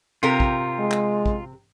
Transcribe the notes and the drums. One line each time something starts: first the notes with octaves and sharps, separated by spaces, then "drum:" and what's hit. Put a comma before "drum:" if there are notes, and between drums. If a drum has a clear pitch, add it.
C3 F4 G4 A#4
drum: kick
G#3
drum: clap
drum: kick